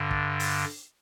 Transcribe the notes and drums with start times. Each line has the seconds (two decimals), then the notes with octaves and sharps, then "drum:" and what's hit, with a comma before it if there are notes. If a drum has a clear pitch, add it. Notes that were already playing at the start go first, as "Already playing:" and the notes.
Already playing: G2 D3
0.11 drum: kick
0.40 drum: open hi-hat